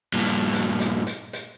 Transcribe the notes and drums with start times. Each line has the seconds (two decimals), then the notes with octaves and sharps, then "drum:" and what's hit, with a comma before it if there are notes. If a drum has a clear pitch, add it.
0.13 G2 A#2
0.27 drum: hi-hat
0.53 drum: hi-hat
0.80 drum: hi-hat
1.07 drum: hi-hat
1.33 drum: hi-hat